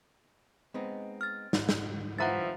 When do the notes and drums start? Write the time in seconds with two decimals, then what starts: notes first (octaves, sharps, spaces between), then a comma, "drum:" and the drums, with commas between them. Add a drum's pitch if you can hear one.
0.74 G#3 B3 C4 D#4
1.21 F6 A6
1.53 G#2, drum: snare
1.69 drum: snare
2.18 E3 F3 E5 F#5 A#5 F#6 A6